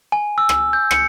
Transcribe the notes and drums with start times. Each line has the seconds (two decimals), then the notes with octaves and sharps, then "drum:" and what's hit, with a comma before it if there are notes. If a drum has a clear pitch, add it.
0.12 G#5
0.38 E6
0.49 drum: rim click
0.73 G6
0.91 C#7, drum: rim click